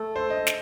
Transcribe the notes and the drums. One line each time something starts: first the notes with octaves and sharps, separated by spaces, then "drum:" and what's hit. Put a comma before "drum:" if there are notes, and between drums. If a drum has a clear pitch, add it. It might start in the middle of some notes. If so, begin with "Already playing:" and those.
Already playing: A3
C5
D#5
drum: snare